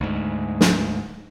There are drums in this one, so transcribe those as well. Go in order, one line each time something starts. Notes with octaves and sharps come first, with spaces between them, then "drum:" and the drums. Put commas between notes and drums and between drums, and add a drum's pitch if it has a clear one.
D2 G#2
drum: snare